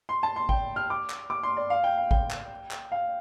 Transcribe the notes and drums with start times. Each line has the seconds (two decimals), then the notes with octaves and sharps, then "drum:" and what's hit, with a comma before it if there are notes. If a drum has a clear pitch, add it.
0.09 C6
0.23 A5
0.36 C6
0.49 G5, drum: kick G#1
0.76 F6
0.90 D6
1.10 drum: clap
1.30 D6
1.43 C6
1.57 D5
1.70 F5
1.84 G5
1.97 F5
2.11 G5, drum: kick G#1
2.31 drum: clap
2.71 drum: clap
2.92 F5